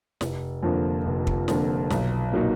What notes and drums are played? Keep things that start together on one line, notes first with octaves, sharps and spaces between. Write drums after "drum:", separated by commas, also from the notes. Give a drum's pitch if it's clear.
F1, drum: snare
F2 D3 F3 A#3
F1
drum: kick
F2 D3 F3 A#3, drum: snare
B1, drum: snare
A#2 F#3 A#3 D#4